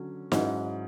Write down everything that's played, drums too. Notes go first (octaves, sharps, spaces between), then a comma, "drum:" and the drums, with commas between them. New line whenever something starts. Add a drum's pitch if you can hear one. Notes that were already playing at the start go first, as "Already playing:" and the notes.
Already playing: D3 F#3 C#4
G#2 F#3 C#4 E4, drum: snare